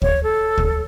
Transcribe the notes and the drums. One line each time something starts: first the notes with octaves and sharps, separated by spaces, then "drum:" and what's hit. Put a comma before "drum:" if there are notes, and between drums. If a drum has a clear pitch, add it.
C#5, drum: kick
A4
drum: kick